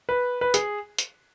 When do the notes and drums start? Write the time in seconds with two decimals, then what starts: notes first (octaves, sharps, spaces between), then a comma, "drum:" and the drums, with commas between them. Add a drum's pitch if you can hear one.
0.09 B4
0.41 B4
0.54 G#4, drum: hi-hat
0.99 drum: hi-hat